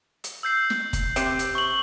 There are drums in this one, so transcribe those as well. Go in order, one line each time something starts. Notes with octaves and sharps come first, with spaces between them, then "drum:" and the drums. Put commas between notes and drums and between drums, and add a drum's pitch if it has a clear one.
drum: hi-hat
E6 G6 C7
drum: snare
drum: kick F#1, hi-hat
C3, drum: hi-hat
drum: hi-hat
C#6 F#7